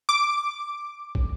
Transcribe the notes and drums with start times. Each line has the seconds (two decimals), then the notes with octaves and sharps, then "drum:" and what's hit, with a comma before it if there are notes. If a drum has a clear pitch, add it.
0.09 D6
1.15 drum: kick